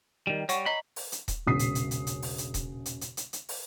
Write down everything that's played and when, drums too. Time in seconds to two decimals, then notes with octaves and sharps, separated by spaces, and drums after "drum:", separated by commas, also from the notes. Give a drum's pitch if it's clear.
0.27 D#3 G3
0.49 G3 C#5 F#5 C#6, drum: hi-hat
0.66 D#5 A#5 B5
0.96 drum: open hi-hat
1.12 drum: hi-hat
1.28 drum: kick D#1, hi-hat
1.47 E1 A#1 C#3 D#6 B6 C7
1.59 drum: hi-hat
1.75 drum: hi-hat
1.91 drum: hi-hat
2.07 drum: hi-hat
2.22 drum: open hi-hat
2.38 drum: hi-hat
2.54 drum: kick D#1, hi-hat
2.86 drum: hi-hat
3.01 drum: hi-hat
3.17 drum: hi-hat
3.33 drum: hi-hat
3.49 drum: open hi-hat